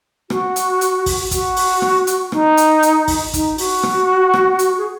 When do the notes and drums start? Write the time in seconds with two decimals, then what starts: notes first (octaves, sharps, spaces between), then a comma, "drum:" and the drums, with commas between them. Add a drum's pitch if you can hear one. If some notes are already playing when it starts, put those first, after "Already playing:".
0.30 F#4, drum: rim click
0.56 drum: hi-hat
0.81 drum: hi-hat
1.06 drum: kick, open hi-hat
1.31 F#4, drum: kick, hi-hat
1.57 drum: open hi-hat
1.82 drum: rim click
2.07 drum: hi-hat
2.32 D#4, drum: rim click
2.57 drum: hi-hat
2.83 drum: hi-hat
3.08 drum: kick, open hi-hat
3.33 D#4, drum: kick, hi-hat
3.58 F#4, drum: open hi-hat
3.83 drum: rim click
4.34 drum: rim click
4.59 drum: hi-hat
4.78 G#4